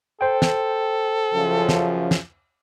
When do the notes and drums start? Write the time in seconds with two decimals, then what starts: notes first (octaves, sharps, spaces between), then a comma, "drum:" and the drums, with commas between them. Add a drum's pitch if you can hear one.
0.21 A4 C5 G5
0.42 drum: snare
1.32 F#2 C#3 F3
1.69 drum: snare
2.11 drum: snare